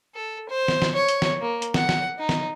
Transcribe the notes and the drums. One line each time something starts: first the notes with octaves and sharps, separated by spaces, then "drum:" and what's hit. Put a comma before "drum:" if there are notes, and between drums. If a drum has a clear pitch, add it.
A4
C5
drum: snare
drum: snare
C#5
drum: hi-hat
drum: snare
A#3
drum: hi-hat
F#5, drum: snare
drum: snare
D#4
drum: snare